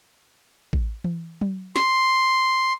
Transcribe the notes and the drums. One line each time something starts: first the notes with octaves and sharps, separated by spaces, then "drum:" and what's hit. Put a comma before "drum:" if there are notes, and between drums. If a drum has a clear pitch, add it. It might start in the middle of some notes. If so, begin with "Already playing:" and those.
drum: kick A1
drum: tom E3
drum: tom F#3
C6, drum: snare